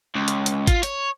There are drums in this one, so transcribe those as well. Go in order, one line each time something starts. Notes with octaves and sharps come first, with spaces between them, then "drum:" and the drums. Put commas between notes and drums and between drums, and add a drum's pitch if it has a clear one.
C#2
drum: hi-hat
drum: hi-hat
F4, drum: kick G#1, hi-hat
C#5, drum: hi-hat